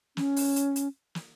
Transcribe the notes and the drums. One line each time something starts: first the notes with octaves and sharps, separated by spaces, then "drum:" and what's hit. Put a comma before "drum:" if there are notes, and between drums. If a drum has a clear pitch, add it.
C#4, drum: snare
drum: open hi-hat
drum: hi-hat
drum: hi-hat
drum: snare